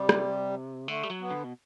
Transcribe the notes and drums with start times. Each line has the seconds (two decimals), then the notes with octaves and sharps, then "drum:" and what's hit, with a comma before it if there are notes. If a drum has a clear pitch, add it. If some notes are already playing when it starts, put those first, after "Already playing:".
Already playing: C3 G3
0.09 drum: rim click
0.88 D3 A3
1.03 G3
1.10 F#3
1.21 B3
1.30 D3
1.44 B2